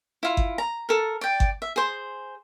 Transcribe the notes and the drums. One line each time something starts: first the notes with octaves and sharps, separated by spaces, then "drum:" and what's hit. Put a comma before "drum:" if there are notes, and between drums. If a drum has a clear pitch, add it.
E4 F4
drum: kick G1
A#5
A4 A#4
D5 G5
drum: kick G1
E5
G#4 C5